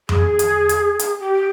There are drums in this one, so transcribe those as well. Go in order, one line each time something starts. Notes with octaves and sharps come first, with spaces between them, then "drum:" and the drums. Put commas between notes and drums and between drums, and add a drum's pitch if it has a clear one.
G#4, drum: tom F2
drum: hi-hat
drum: hi-hat
drum: hi-hat
G4